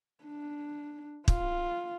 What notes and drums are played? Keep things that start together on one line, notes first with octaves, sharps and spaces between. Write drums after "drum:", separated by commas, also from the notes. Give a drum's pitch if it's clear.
D4
F4, drum: kick